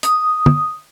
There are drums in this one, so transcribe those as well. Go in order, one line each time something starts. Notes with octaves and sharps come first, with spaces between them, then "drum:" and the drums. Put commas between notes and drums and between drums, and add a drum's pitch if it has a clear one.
D#6, drum: hi-hat
drum: tom